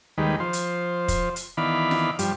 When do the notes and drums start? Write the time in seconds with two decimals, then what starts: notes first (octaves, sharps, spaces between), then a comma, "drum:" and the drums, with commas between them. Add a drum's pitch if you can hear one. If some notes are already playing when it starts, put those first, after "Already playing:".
0.18 D#2 D#3 G3 G#3 B4
0.40 F3 C5
0.53 drum: hi-hat
1.08 drum: kick, hi-hat
1.36 drum: hi-hat
1.57 D#3 E3 B3 D5 F5 B5
1.91 drum: snare F4
2.19 G2 F3 G3, drum: hi-hat